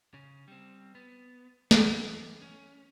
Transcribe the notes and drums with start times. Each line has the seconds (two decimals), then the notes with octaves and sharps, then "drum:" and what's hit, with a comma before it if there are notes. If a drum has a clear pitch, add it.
0.14 C#3 C#4
0.48 G3 C4
0.95 B3
1.71 E3, drum: snare
2.42 C#4